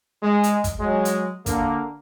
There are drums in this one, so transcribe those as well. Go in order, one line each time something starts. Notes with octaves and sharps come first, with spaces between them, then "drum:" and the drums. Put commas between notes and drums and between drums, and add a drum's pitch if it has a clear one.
G#3
drum: hi-hat
drum: kick, hi-hat
F#3 G#3
drum: hi-hat
D3 A#3, drum: kick, hi-hat